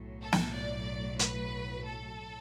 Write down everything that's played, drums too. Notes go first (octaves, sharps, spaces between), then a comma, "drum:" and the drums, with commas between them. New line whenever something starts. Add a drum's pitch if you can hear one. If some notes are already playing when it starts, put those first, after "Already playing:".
Already playing: B1 A2 F#3
A4
drum: snare
D5
B4, drum: hi-hat
A4